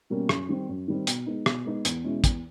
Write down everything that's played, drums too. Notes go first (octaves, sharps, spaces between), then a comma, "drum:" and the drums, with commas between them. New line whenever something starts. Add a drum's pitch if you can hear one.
B2 G3 A#3 C#4
F#2, drum: rim click
D#3 G3 C4
F#2
D#3 G3 C4
B2, drum: hi-hat
G#3 B3 D#4
B2, drum: rim click
G#3 B3 D#4
E2, drum: hi-hat
B2 G#3 C#4 E4
E2, drum: kick, hi-hat